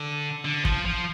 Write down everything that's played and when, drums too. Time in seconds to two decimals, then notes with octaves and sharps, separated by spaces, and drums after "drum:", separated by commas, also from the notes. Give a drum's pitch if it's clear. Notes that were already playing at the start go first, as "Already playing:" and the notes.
Already playing: D3
0.45 D3
0.65 F3, drum: kick
0.85 F3